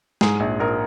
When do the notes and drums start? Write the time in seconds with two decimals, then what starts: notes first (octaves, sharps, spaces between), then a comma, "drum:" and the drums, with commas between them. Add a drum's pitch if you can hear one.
0.21 G#2 G#4, drum: snare
0.40 A#1
0.60 A#1 A#4